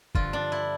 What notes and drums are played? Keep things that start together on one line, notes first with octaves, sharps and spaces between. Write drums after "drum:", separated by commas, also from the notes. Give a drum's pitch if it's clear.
G2 D3 F3 F4, drum: kick
D4
E4